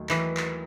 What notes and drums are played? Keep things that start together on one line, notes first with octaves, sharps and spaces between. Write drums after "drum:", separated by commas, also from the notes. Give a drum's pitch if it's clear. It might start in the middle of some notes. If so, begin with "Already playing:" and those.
Already playing: D#2 D#3 F#3 A3
E3, drum: clap
drum: clap